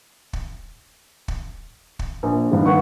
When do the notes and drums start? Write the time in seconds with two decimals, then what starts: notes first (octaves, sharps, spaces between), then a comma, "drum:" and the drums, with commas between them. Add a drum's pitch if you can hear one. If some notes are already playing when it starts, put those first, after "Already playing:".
0.33 drum: kick
1.28 drum: kick
1.99 drum: kick
2.23 A#1
2.51 G2 D#3
2.66 B4 F#5 C#6